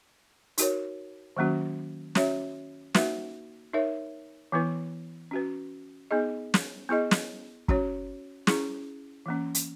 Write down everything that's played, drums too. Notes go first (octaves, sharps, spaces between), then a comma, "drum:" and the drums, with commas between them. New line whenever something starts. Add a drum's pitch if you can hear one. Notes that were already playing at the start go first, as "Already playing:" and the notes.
D#4 F#4 A#4 C#5, drum: hi-hat
D#3 F#3 A#3 C#4 F#4
C#4 F#4 C#5 E5, drum: snare
A#3 D#4 F#4 B4 E5, drum: snare
D#4 A#4 C#5 E5
E3 B3 E4 B4
C#4 F#4 B4
B3 D#4 G#4 D#5
drum: snare
B3 E4 G#4 D#5
drum: snare
C#4 F#4 C#5, drum: kick
C#4 E4 G#4, drum: snare
E3 A#3 C#4
drum: hi-hat